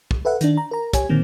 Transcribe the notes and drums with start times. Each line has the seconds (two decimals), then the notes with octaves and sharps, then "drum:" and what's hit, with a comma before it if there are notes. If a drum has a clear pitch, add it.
0.11 drum: kick
0.25 A4 B4 E5 F#5
0.41 D#3 D4, drum: hi-hat
0.57 A#5
0.71 A#4 A#5
0.93 G4 C#5 G#5, drum: kick, hi-hat
1.09 A#2 D3 D#3 A#3 C4